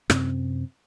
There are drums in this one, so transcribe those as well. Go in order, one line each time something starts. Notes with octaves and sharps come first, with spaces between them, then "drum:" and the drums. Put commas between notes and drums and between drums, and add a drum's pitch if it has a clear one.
F#2 C3 C4, drum: rim click